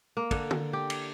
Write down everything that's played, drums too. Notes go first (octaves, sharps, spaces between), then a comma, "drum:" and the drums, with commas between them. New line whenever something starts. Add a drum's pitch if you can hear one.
A#3
D3, drum: kick, cymbal
drum: tom
G4
drum: cymbal